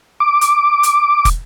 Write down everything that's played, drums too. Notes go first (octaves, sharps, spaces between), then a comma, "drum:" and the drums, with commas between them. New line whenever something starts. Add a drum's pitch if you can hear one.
D6
drum: hi-hat
drum: hi-hat
drum: kick, hi-hat